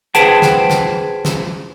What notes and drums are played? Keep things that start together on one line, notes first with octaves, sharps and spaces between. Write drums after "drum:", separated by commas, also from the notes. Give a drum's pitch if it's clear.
G#4 B4 C5 F#5 G5 A5, drum: hi-hat
drum: snare
drum: snare
drum: snare